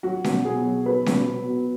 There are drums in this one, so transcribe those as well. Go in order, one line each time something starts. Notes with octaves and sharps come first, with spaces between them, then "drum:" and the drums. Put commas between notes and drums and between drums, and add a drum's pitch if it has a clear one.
F#3 F#4
B2, drum: snare C#4
B2 G#4
F#3
F#3 B4
B2, drum: snare C#4
B2
B2